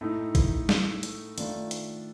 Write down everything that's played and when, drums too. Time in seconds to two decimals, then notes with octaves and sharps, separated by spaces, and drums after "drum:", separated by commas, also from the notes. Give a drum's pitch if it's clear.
0.01 A2 A3 D#4
0.35 drum: kick, hi-hat
0.69 drum: snare
1.03 drum: hi-hat
1.38 D#3 A3 D4 F4, drum: hi-hat
1.71 drum: hi-hat